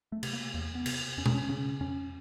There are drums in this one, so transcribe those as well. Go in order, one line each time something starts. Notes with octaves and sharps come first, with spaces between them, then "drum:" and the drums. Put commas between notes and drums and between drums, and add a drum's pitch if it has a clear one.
A3
C3, drum: cymbal
A#3
E2 A#3
B3
C3, drum: cymbal
F2 C#4
D4, drum: tom B2
C#4
C#3 C#4
F2 C#4